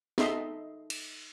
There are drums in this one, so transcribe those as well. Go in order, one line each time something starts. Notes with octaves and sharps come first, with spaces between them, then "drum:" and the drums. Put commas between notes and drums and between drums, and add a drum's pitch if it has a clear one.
D#4 A4 D#5 E5 C6 D#6, drum: snare
drum: cymbal